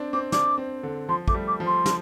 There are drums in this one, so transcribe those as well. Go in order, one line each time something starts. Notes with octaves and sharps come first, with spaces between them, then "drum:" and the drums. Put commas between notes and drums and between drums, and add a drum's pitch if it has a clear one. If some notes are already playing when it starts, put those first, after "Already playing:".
Already playing: C4 D4
C4 D6
D4 D6, drum: snare
C4
D3
F3 C6
A3 D6, drum: kick
G3
D6
F3
C6
drum: snare